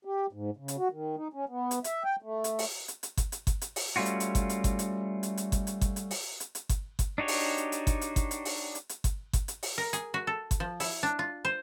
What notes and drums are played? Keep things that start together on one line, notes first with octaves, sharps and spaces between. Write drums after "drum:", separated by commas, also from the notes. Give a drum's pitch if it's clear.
G4
G#2
C#3
drum: hi-hat
F#4
D#3
D#4
C#4
B3
drum: hi-hat
E5, drum: hi-hat
G5
A3
drum: hi-hat
drum: open hi-hat
drum: hi-hat
drum: hi-hat
drum: kick G1, hi-hat
drum: hi-hat
drum: kick G1, hi-hat
drum: hi-hat
drum: open hi-hat
G3 A3 C#4 F4 F#4
drum: hi-hat
drum: hi-hat
drum: kick G1, hi-hat
drum: hi-hat
drum: kick G1, hi-hat
drum: hi-hat
drum: hi-hat
drum: hi-hat
drum: kick G1, hi-hat
drum: hi-hat
drum: kick G1, hi-hat
drum: hi-hat
drum: open hi-hat
drum: hi-hat
drum: hi-hat
drum: kick G1, hi-hat
drum: kick G1, hi-hat
D4 D#4 F#4 G4 C#5
drum: open hi-hat
drum: hi-hat
drum: hi-hat
drum: kick G1, hi-hat
drum: hi-hat
drum: kick G1, hi-hat
drum: hi-hat
drum: open hi-hat
drum: hi-hat
drum: hi-hat
drum: kick G1, hi-hat
drum: kick G1, hi-hat
drum: hi-hat
drum: open hi-hat
A#4
G#4, drum: hi-hat
F#4
A4
drum: kick G1, hi-hat
F3
E4, drum: open hi-hat
D4
F4
C5